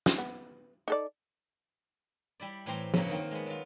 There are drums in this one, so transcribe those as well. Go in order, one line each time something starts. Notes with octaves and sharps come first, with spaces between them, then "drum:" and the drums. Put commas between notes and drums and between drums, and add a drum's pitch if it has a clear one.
drum: snare
B3
D#4 A4 D5
G3 E4 D5
A2 E3 C4 G4 A#5 C6
G2 C#3 F#3 A#3 C#5 G5, drum: tom
D#3 F3 A#3 C4
G#3 B3
F#3 F4